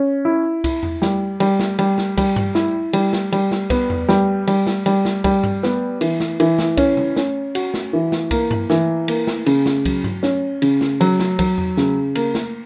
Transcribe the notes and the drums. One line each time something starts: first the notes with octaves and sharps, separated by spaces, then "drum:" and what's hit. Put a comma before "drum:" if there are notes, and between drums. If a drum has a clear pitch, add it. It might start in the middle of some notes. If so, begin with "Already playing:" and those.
Already playing: C#4
E4
E4, drum: kick C2, cymbal
drum: tom E2
G3, drum: snare
G3, drum: cymbal
drum: snare
G3, drum: cymbal
drum: snare
G3, drum: kick C2, cymbal
drum: tom G2
E4, drum: snare
G3, drum: cymbal
drum: snare
G3, drum: cymbal
drum: snare
B3, drum: kick C2, cymbal
drum: tom E2
G3, drum: snare
G3, drum: cymbal
drum: snare
G3, drum: cymbal
drum: snare
G3, drum: kick C2, cymbal
drum: tom G2
B3, drum: snare
E3, drum: cymbal
drum: snare
E3, drum: cymbal
drum: snare
C#4, drum: kick C2, cymbal
drum: tom C#3
C#4, drum: snare
F#4, drum: cymbal
drum: snare
E3
drum: snare
A#3, drum: kick C2, cymbal
drum: tom G2
E3, drum: snare
A#3, drum: cymbal
drum: snare
C#3, drum: cymbal
drum: snare
F#3, drum: kick C2, cymbal
drum: tom G2
C#4, drum: snare
C#3, drum: cymbal
drum: snare
F#3, drum: cymbal
drum: snare
F#3, drum: kick C2, cymbal
drum: tom E2
C#3, drum: snare
A#3, drum: cymbal
drum: snare